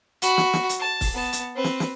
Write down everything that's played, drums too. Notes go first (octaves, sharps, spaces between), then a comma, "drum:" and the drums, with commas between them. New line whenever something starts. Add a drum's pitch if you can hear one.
F#4 B5, drum: hi-hat
drum: snare
drum: snare
drum: hi-hat
A5
drum: kick, open hi-hat
B3 A5
drum: hi-hat
C4 B4
drum: snare
drum: snare